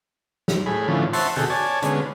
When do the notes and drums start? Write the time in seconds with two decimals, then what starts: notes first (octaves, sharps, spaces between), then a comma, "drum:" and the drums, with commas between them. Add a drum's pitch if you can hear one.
0.48 drum: snare
0.66 A2 G#4 B5
0.88 A2 D3 E3 F3 C#4
1.13 C5 E5 F#5 A5 C6 C#6, drum: open hi-hat
1.36 B2 D3 F#4 G#4 A4 G5
1.50 C#5 D5 G#5 A5
1.82 D3 G#3 B3 C#4, drum: hi-hat